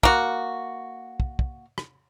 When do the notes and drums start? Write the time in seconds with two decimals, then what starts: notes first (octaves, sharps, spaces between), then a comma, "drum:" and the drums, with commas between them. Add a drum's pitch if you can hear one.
0.03 A#3 F#4, drum: kick
1.20 drum: kick
1.39 drum: kick
1.78 drum: rim click